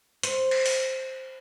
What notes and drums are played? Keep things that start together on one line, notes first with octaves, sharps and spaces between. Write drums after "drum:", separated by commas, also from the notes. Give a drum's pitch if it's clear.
C5, drum: hi-hat
drum: cymbal
drum: open hi-hat